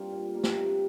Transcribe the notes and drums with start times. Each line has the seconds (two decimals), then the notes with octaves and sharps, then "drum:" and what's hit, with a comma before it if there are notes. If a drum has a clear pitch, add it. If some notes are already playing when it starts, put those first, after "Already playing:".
Already playing: G2 G3 A#3 C4 F4
0.12 A#2
0.34 G3 A#3 F4
0.44 drum: snare
0.56 C3